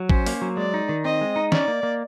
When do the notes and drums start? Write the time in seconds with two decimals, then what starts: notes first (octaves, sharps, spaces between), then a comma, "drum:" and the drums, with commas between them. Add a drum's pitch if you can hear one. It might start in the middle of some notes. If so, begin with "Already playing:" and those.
Already playing: F#3
0.10 C#4 C5, drum: kick
0.27 A#3, drum: open hi-hat
0.42 F#3
0.57 G#3 D5
0.74 D#4
0.89 D#3
1.05 C4 D#5
1.21 G#3
1.36 D#4
1.52 C#4 D5, drum: snare
1.68 A#3
1.83 A#3